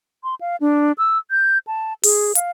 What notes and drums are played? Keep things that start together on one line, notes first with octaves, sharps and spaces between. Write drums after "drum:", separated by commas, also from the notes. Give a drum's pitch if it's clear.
C6
F5
D4
E6
G6
A5
G#4, drum: open hi-hat
F5, drum: hi-hat